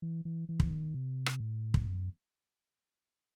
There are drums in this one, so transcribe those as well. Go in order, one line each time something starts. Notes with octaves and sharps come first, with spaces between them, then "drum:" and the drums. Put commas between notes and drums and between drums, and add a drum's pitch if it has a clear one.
E3
E3
E3
drum: kick
D#3
C3
drum: rim click
A2
drum: kick
F#2